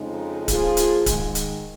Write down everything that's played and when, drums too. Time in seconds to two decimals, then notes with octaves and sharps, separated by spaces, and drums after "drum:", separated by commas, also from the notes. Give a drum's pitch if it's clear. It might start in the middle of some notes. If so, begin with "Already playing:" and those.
Already playing: F2 C#3 G#3 D#4
0.48 F3 A#3 F4 G#4, drum: kick D1, hi-hat
0.77 drum: hi-hat
1.06 G#2 D#3 G#3, drum: kick D1, hi-hat
1.35 drum: hi-hat